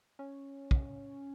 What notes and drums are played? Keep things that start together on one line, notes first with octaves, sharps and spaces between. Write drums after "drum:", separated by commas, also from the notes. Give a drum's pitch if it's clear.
C#4
drum: kick